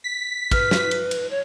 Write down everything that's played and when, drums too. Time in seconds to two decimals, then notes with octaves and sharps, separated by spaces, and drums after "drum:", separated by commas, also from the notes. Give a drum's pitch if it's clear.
0.04 B6
0.51 B4 F6, drum: kick, cymbal
0.71 drum: snare
0.91 drum: cymbal
1.11 drum: cymbal
1.31 C#5